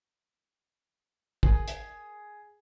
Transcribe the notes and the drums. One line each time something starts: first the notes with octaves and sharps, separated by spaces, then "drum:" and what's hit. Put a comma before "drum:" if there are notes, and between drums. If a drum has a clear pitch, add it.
G#4 A#4, drum: kick
drum: hi-hat